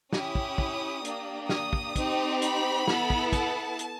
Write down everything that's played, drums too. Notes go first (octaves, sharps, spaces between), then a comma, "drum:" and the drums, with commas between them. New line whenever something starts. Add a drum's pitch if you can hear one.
C#4 E4 G4 D#6, drum: snare
drum: kick
drum: kick
A#3 D4 G4, drum: hi-hat
D#6, drum: snare
drum: kick
C4 D#4 G4, drum: kick, hi-hat
B5, drum: hi-hat
B3 E4 A4, drum: snare
drum: kick
A5, drum: kick, hi-hat
drum: hi-hat